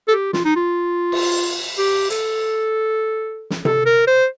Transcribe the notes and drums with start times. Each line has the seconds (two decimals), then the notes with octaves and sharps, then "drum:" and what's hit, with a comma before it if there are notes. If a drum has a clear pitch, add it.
0.08 A4
0.11 G4
0.33 F4, drum: snare
0.45 D#4
0.56 F4
1.12 drum: cymbal
1.78 G4
2.10 A4, drum: hi-hat
3.50 drum: snare
3.65 A4, drum: tom C3
3.86 A#4
4.07 C5